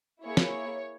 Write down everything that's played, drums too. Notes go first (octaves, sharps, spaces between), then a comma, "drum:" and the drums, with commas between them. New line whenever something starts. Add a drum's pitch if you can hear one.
A#3 E4 G#4 C#5
drum: snare